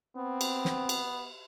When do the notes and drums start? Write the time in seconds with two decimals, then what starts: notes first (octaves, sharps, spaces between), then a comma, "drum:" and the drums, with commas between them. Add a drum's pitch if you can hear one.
0.17 B3 C4
0.41 drum: cymbal
0.65 drum: snare
0.89 drum: cymbal